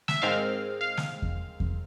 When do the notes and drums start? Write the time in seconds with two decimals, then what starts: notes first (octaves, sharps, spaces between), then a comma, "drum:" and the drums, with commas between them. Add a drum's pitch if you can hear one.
0.08 E5, drum: snare
0.22 G#2 D#3 G#3 C4 F5
0.81 F5
0.97 drum: snare
1.22 drum: kick E2
1.60 drum: kick E2